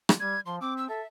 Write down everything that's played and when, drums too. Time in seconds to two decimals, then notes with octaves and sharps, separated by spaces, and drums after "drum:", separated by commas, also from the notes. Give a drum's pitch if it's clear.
0.09 drum: rim click
0.20 G3 G#6
0.46 F3 C6
0.61 C4 D6
0.77 E6
0.89 A4 E5